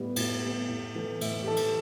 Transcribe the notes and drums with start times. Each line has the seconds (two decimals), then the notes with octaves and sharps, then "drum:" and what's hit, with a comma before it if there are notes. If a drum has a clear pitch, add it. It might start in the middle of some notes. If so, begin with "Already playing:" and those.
Already playing: A2 G3 B3
0.16 A2, drum: cymbal
0.43 G3 B3
0.69 A2
0.95 E3 A3
1.21 A2 E5, drum: cymbal
1.43 G4
1.47 E3 A3 A4
1.57 drum: cymbal